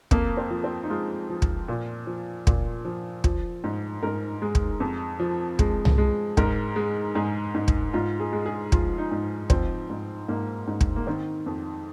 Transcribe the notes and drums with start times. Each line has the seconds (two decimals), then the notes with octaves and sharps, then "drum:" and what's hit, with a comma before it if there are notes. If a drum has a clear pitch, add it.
0.11 F2 A#3, drum: kick
0.37 C4
0.50 F3
0.64 C4
0.84 D#4
0.90 G#3 F4
1.29 F3
1.42 drum: kick
1.68 A#2
2.07 F3
2.47 A#2, drum: kick
2.85 F3
3.24 F3, drum: kick
3.64 G#2
4.03 G#2 A#4
4.42 G#3
4.55 drum: kick
4.80 F2
5.20 F3
5.59 G#3, drum: kick
5.85 drum: tom C2
5.98 G#3
6.37 G#2 A#4, drum: kick
6.76 G#3
7.15 G#2 G#4
7.55 G#2
7.68 drum: kick
7.93 G#2 F4
8.20 G#4
8.32 G#3
8.46 G#4
8.72 F3 F4, drum: kick
8.98 D#4
9.11 G#2
9.50 F3 C4, drum: kick
9.90 G#2
10.28 G#2 A#3
10.67 G#2
10.81 drum: kick
10.96 A#3
11.07 D#3 C4
11.46 F2